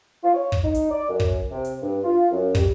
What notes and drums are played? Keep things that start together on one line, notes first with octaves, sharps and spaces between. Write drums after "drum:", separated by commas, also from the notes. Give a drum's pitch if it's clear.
F4
C#5
drum: kick
D#4
drum: hi-hat
D5
F#2
drum: kick
C3
drum: hi-hat
G2
F4
F#2
G3, drum: kick, hi-hat